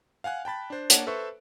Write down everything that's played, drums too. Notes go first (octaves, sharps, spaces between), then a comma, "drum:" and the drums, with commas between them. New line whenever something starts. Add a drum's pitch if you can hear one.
F5 F#5 G#5 F#6
G5 A5 B5 A6
D4 C5
A#3 D4 C#5 F#5 A5 D7, drum: hi-hat
A4 B4 C5 E5 C#6